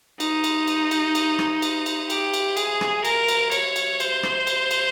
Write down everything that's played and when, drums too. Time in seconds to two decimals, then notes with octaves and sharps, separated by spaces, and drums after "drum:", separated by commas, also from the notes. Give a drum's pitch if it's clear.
0.20 D#4, drum: cymbal
0.44 drum: cymbal
0.67 drum: cymbal
0.91 drum: cymbal
1.15 drum: cymbal
1.39 drum: rim click
1.62 drum: cymbal
1.86 drum: cymbal
2.10 G4, drum: cymbal
2.34 drum: cymbal
2.57 G#4, drum: cymbal
2.81 drum: rim click
3.05 A#4, drum: cymbal
3.28 drum: cymbal
3.52 C#5, drum: cymbal
3.76 drum: cymbal
4.00 C5, drum: cymbal
4.23 drum: rim click
4.47 drum: cymbal
4.71 drum: cymbal